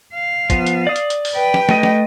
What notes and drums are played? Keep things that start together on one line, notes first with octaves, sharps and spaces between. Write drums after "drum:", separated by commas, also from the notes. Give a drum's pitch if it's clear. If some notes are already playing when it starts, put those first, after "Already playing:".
F5
F3 B3, drum: kick, hi-hat
drum: hi-hat
D5 D#6
drum: hi-hat
drum: hi-hat
drum: open hi-hat
B4 G5
drum: snare
A3 D#5, drum: snare
drum: snare